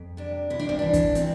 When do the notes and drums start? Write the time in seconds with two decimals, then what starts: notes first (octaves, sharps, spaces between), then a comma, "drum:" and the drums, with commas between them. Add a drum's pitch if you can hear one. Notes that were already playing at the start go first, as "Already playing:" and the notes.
Already playing: F2
0.17 C3 D4
0.50 C3 E4
0.59 D4
0.69 C4, drum: tom A#1
0.79 E3 D4
0.93 drum: kick, hi-hat
1.15 C4, drum: hi-hat